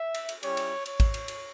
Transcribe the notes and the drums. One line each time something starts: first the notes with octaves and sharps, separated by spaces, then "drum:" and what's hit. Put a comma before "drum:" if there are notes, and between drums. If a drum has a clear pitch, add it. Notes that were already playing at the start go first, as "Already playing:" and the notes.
Already playing: E5
drum: cymbal
drum: cymbal
G3 C#4 E4 G4 C#5, drum: cymbal
drum: cymbal
C#5, drum: cymbal
drum: kick, cymbal
drum: cymbal
drum: cymbal